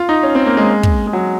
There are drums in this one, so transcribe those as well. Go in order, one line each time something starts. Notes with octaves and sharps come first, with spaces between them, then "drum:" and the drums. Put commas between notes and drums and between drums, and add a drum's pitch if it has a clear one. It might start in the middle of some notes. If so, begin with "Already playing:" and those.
Already playing: F4
D#4
C#4
C4
A#3
G#3
drum: kick
G#3
F#3